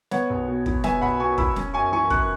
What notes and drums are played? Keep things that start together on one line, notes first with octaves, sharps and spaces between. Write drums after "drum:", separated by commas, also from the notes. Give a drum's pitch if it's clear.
B3 C#5 F#5, drum: snare
B1
B2
E4, drum: kick
B3 E5 G#5, drum: snare
B1 F#5 B5
B2 G#5 C#6
E4 B5 E6, drum: kick
C#4, drum: snare
F#2 G#5 C#6
E3 G#5 C#6
F#2 C#6 F#6, drum: kick